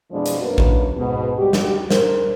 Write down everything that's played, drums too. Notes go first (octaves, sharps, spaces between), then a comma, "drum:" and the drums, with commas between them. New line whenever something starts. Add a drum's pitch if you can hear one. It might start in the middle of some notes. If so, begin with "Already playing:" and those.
F2 B2 E3 F3 G#3 D4
drum: hi-hat
F#2 A#3 D4 F#4 B4
drum: kick A1
G#2 B2
G3 G#3 F#4 G4
drum: snare
A#4 C5, drum: snare